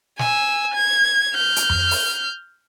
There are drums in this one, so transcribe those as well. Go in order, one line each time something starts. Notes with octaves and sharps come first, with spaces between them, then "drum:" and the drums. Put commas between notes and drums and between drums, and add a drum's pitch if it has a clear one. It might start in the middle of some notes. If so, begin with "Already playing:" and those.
G#5 E6, drum: snare
G#6
F6 G6
drum: hi-hat
drum: tom F2
drum: open hi-hat